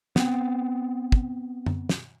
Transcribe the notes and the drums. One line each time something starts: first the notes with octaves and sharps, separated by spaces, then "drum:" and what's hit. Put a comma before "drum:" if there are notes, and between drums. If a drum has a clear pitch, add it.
B3 C4, drum: snare
drum: kick
drum: tom F#2
drum: snare